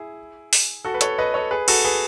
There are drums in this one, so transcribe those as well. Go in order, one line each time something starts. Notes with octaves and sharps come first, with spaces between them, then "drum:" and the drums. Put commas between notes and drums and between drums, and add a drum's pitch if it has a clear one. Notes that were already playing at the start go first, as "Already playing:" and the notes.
Already playing: E4 G#4
drum: open hi-hat
F#4 A4
B4
A4 C#5, drum: hi-hat
B4 D#5
A4 C#5
G#4 B4
F#4 A4, drum: cymbal
G#4 B4